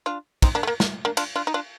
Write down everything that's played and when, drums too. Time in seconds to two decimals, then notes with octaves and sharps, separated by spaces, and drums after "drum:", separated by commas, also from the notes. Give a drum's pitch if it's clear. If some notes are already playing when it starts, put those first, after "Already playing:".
0.06 D4 F4
0.42 C4 D#4, drum: kick, cymbal
0.55 A#3 D4
0.63 A3
0.67 A#3
0.80 A#3, drum: snare
1.05 A#3 D4
1.17 D4 F4, drum: cymbal
1.36 D4 F4
1.47 D#4
1.54 D4 F4